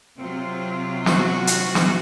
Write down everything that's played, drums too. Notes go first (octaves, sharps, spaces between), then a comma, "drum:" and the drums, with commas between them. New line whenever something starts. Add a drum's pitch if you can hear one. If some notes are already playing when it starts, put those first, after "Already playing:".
C3 F#3 C4 F4
F#4, drum: snare
drum: hi-hat
drum: snare